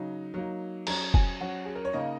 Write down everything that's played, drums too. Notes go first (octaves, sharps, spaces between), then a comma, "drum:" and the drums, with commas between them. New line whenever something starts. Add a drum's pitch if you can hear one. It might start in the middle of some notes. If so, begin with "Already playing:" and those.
Already playing: C#3 F#3 D#4
F#3 A#3 D#4
F#3 C#4 A#5, drum: cymbal
G#5, drum: kick
F#3 C#4 F#5
G#4
A#4
C#5
C#3 A#3 D#4 D#5